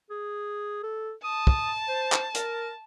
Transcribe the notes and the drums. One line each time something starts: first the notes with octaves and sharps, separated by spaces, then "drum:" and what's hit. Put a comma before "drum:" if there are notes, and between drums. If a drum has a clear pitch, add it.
G#4
A4
A5 D#6
drum: kick
C5
drum: clap
A#4, drum: hi-hat